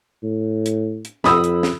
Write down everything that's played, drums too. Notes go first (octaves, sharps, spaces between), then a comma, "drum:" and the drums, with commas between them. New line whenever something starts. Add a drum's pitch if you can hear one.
A2
drum: hi-hat
drum: hi-hat
F2 B5 D#6 E6, drum: snare
drum: hi-hat
drum: snare